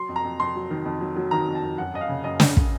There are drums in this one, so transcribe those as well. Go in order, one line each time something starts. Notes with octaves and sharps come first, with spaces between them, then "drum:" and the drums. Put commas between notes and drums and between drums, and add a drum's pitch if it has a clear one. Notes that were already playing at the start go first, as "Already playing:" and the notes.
Already playing: F#3 C6
F2
A#5
F2
F2 C6
F#3
D#3
F2
F#3
F#3
D#3 A#5
F2
A5
F2
F#2 F#5
F#2 D#5
F5
C#3
F#2 D#5
C#3, drum: snare
drum: kick